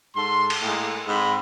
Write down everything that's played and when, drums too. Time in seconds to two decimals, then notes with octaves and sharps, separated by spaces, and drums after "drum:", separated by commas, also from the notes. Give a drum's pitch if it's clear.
0.16 G#2 A4 C6
0.50 drum: cymbal
0.62 A2 G#3 A#3 G#4 A4
1.06 G#2 C4 D#5 B5